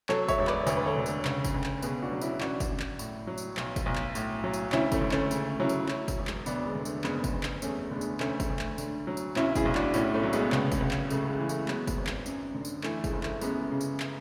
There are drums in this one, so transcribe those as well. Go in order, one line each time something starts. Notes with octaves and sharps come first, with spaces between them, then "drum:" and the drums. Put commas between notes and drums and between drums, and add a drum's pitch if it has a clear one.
F#3 A4 C#5, drum: clap
C#5 E5, drum: kick, tambourine
E1
B4 D5, drum: clap
D2 C#5, drum: tambourine
B4
A4 C#5
D3
drum: tambourine
C#2, drum: clap
drum: kick, tambourine
C#2
drum: clap
B2 G#4 B4, drum: tambourine
D4 F#4
F#3
C#4 E4, drum: tambourine
A1 D4 F#4, drum: clap
drum: kick, tambourine
A1
drum: clap
A2, drum: tambourine
F#3
drum: tambourine
B1, drum: clap
drum: kick, tambourine
B1
drum: clap
A2, drum: tambourine
F#3
drum: tambourine
D2 C#4 E4, drum: clap
A3 C#4, drum: kick, tambourine
D2
A3 C#4, drum: clap
C#3, drum: tambourine
F#3 C#4 E4
drum: tambourine
F#3, drum: clap
drum: kick, tambourine
E1
drum: clap
D2 B3 D4, drum: tambourine
G#3
D3
A3, drum: tambourine
F#1 G#3 B3, drum: clap
drum: kick, tambourine
F#1
drum: clap
E2 A3 C#4, drum: tambourine
D3 G#3 B3
drum: tambourine
D2 A3 C#4, drum: clap
drum: kick, tambourine
D2
drum: clap
D3, drum: tambourine
F#3
drum: tambourine
B1 C#4 E4, drum: clap
E4 G#4, drum: kick, tambourine
B1
D4 F#4, drum: clap
A2 C#4 E4, drum: tambourine
A3 C#4
F#3
G#3 B3, drum: tambourine
C#2, drum: clap
drum: kick, tambourine
C#2
drum: clap
C#3 A3, drum: tambourine
G#3
E3
A3, drum: tambourine
F#3 G#3 B3, drum: clap
drum: kick, tambourine
G#1
drum: clap
F#2, drum: tambourine
D3
drum: tambourine
E3 A3, drum: clap
G#3, drum: kick, tambourine
F#1
A3, drum: clap
F#2 G#3 B3, drum: tambourine
C#3
drum: tambourine
drum: clap